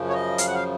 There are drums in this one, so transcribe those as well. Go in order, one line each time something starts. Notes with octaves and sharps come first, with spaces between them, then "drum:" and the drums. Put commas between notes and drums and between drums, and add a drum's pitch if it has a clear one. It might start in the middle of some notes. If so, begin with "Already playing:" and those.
Already playing: F#2 C#3 F3
C#5
D#5
F5, drum: hi-hat
F#5
F5